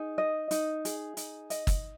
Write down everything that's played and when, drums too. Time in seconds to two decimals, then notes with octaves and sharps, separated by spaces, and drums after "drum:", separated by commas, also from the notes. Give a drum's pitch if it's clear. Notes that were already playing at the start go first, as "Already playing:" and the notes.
Already playing: D#4 G#4
0.18 D#5
0.51 D#4, drum: hi-hat
0.85 G#4, drum: hi-hat
1.17 D#4, drum: hi-hat
1.50 D#5, drum: hi-hat
1.67 drum: kick, hi-hat